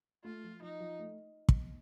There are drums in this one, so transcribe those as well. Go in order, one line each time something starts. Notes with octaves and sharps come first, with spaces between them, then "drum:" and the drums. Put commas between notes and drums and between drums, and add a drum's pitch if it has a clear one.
A3 F4
F3
F3 D#4
F3
A3
drum: kick